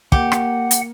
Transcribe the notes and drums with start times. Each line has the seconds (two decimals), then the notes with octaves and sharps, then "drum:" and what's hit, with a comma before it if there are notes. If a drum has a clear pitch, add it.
0.12 A#3 G4 F#5, drum: kick
0.32 drum: rim click
0.71 drum: hi-hat